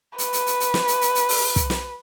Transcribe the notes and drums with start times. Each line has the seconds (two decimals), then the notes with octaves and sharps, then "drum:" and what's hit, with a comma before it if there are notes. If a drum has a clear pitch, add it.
0.18 B4, drum: hi-hat
0.33 drum: hi-hat
0.46 drum: hi-hat
0.60 drum: hi-hat
0.74 drum: snare
0.88 drum: hi-hat
1.01 drum: hi-hat
1.15 drum: hi-hat
1.29 drum: open hi-hat
1.56 drum: kick, hi-hat
1.70 drum: snare